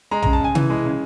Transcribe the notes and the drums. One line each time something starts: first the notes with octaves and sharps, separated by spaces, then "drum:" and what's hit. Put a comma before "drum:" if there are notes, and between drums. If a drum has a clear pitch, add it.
G#3 A#5
C#3 A#5, drum: tom B1
A5
C#3 G#5
E3, drum: tom C3
G#3
C#3